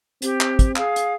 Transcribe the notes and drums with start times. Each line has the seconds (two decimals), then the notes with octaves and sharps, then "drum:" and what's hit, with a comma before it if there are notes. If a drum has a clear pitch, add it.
0.22 C4 G4, drum: hi-hat
0.40 drum: clap
0.59 drum: kick, hi-hat
0.76 G#4 F5, drum: clap
0.96 drum: hi-hat